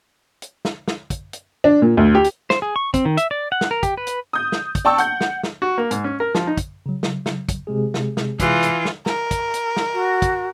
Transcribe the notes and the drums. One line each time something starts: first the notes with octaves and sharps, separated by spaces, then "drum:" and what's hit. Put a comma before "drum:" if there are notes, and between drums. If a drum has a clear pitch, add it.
drum: hi-hat
drum: snare
drum: snare
drum: kick, hi-hat
drum: hi-hat
D4
A#2
D2
G4
drum: hi-hat
C5, drum: snare
G#4
C#6
C4, drum: kick, hi-hat
D#3
E5, drum: hi-hat
D5
F#5
drum: snare
A#4
G4, drum: kick, hi-hat
B4
drum: hi-hat
D#6 G6
drum: snare
drum: kick, hi-hat
D5 G5 A5 C#6 E6
F#5 G6, drum: hi-hat
drum: snare
drum: snare
F#4
A#3
G#2, drum: hi-hat
C#4
A#4
F3, drum: snare
D#4
drum: kick, hi-hat
C#3 F#3
drum: snare
drum: snare
drum: kick, hi-hat
C3 G#3 G#4
drum: snare
drum: snare
E3 F4, drum: kick, hi-hat
drum: hi-hat
drum: snare
A#4, drum: snare
drum: kick, hi-hat
drum: hi-hat
drum: snare
F#4
drum: kick, hi-hat